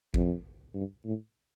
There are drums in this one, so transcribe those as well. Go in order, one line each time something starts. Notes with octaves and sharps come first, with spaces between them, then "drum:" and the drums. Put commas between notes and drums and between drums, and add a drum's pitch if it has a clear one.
F2, drum: kick G#1
G2
A2